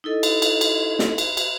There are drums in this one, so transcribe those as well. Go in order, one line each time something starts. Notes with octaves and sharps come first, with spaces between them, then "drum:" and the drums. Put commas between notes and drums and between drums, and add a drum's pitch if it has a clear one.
D#4 E4 A4 D#5
drum: cymbal
drum: cymbal
drum: cymbal
drum: snare
drum: cymbal
drum: cymbal